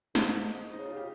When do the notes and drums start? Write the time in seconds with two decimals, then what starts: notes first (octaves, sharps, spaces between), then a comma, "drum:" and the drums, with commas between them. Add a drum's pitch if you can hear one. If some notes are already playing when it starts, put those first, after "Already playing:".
0.15 G#2 C5, drum: snare
0.31 D#5
0.72 C#3 D#4
0.85 F4
0.93 C#3 G4